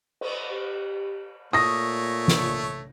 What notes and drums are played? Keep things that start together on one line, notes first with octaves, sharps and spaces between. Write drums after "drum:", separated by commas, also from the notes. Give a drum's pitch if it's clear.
drum: cymbal
G4
A#2 A3 C#5 D#6 A#6
drum: snare